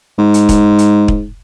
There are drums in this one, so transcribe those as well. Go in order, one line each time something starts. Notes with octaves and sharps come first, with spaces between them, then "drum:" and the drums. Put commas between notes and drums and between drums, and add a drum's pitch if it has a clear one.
G#2
drum: hi-hat
drum: kick, hi-hat
drum: hi-hat
drum: kick